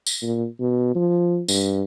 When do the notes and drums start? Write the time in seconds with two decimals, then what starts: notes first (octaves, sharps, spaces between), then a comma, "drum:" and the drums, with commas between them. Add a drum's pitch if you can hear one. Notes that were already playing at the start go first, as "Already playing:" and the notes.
0.07 drum: tambourine
0.22 A#2
0.60 B2
0.95 F3
1.48 G2, drum: tambourine